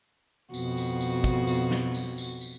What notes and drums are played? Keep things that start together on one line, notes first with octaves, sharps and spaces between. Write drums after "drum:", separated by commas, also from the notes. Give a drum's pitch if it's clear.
F2 B2 F#4, drum: tambourine
drum: tambourine
drum: tambourine
drum: kick, tambourine
drum: tambourine
drum: snare
drum: tambourine
drum: tambourine
drum: tambourine